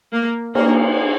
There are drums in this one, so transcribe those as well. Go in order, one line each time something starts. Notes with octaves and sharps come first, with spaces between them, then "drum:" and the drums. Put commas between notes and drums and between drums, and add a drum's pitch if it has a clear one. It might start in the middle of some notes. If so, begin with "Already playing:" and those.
A#3
A#3, drum: cymbal